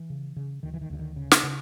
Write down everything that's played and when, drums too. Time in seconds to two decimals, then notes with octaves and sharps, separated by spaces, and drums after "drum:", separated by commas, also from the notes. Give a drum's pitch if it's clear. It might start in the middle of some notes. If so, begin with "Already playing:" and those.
Already playing: E3
0.10 C#3
0.37 C#3
0.63 D2 D#3
0.74 E3
0.81 D#3
0.90 D2 D3
0.99 D#3
1.16 C#3
1.31 drum: snare
1.43 C#3